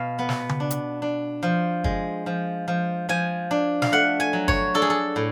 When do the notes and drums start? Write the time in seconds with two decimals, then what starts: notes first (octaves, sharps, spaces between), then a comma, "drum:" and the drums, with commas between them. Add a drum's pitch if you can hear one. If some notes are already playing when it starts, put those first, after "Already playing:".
Already playing: B2 F5
0.19 B3
0.29 drum: snare
0.49 drum: tom C#3
0.60 D4
0.71 drum: hi-hat
1.02 D4
1.43 F3
1.84 G#3, drum: kick
2.26 F3
2.68 F3
3.09 F3 G#5
3.51 D4
3.82 F5, drum: snare
3.92 A3 F#5
4.20 G#5
4.33 F#3
4.48 C#5, drum: kick
4.74 D4 A4
4.82 G#4
4.90 A4
5.16 A2